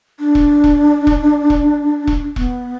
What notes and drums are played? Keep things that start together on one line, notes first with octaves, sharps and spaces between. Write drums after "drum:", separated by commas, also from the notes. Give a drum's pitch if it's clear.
D4
drum: kick E1
drum: kick E1
drum: kick E1
drum: kick E1
drum: kick E1
B3, drum: kick E1